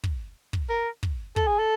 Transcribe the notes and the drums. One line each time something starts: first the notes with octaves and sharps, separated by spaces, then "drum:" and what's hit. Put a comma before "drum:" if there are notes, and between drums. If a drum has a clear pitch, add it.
drum: kick
drum: kick
A#4
drum: kick
A4, drum: kick
G#4
A4